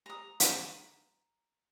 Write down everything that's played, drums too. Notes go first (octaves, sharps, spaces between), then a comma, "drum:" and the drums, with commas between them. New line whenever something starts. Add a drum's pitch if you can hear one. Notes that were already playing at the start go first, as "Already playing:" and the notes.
A#5 D#6
drum: hi-hat